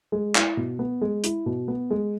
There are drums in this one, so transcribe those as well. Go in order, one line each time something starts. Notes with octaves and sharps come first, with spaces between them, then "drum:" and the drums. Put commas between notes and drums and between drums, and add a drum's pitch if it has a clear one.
G#3
E4, drum: clap
B2
B3
G#3
E4, drum: hi-hat
B2
B3
G#3